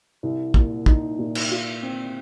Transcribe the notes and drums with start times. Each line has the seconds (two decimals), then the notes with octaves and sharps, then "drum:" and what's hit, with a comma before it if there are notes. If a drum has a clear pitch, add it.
0.23 C2
0.54 A#2, drum: kick
0.86 D#4, drum: kick
1.19 A#2
1.35 drum: cymbal
1.50 F4
1.83 C4